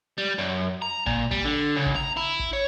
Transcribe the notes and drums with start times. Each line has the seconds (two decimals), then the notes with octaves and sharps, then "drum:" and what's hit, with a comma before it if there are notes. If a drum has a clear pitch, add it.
0.18 G3
0.38 F#2
0.82 A#5
1.06 A#2, drum: kick
1.31 G3, drum: kick
1.45 D3
1.76 C#2
1.86 drum: kick
1.96 A#5
2.17 E4
2.39 drum: kick
2.53 C#5